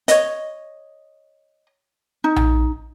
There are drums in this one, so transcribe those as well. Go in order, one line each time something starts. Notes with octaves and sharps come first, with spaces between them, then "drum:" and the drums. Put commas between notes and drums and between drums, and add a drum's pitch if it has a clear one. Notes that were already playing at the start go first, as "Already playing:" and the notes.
C#5 D#5, drum: hi-hat
D#4
drum: tom A#1